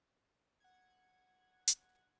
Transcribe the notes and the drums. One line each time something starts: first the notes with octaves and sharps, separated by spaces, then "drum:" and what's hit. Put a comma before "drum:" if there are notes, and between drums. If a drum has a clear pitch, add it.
F#5 G#6
drum: hi-hat